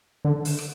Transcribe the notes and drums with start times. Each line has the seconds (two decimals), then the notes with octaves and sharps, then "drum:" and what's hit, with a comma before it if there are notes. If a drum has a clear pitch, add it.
0.25 D3
0.45 drum: open hi-hat
0.59 drum: rim click